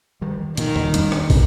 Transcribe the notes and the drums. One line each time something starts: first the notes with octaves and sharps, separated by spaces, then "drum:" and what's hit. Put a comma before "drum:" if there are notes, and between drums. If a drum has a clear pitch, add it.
D#3 G3
A#2 D#3, drum: hi-hat
drum: tom
G3 A#3 D4, drum: hi-hat
drum: rim click
A#2, drum: kick, open hi-hat